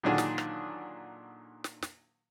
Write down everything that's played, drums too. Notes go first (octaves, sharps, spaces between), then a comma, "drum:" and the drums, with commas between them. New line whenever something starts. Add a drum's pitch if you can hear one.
A#2 D3 D#3 F#3 D4 G#4
drum: snare
drum: rim click
drum: snare
drum: snare